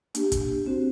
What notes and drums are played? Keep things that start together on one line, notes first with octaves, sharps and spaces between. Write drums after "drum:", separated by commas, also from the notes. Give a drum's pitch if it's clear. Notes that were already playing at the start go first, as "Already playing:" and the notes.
A#3 D4 G4, drum: hi-hat
drum: kick, hi-hat
C4 F#4 C5